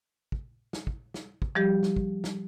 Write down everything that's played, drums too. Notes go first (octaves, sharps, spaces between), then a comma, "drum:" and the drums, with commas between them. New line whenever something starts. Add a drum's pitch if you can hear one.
drum: kick
drum: snare
drum: kick
drum: snare
drum: kick
F3 G3 G4
drum: snare
drum: kick
drum: snare